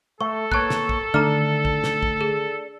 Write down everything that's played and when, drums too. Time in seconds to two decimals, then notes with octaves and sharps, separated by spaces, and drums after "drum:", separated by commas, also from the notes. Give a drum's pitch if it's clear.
0.21 A3 A4 C#6
0.52 A#3 B4 C#5 A5 F#6, drum: kick
0.70 drum: snare
0.89 drum: kick
1.14 D3 D#3 A3 D4 A#5 D6 F6
1.65 drum: kick
1.84 drum: snare
2.03 drum: kick
2.21 G#4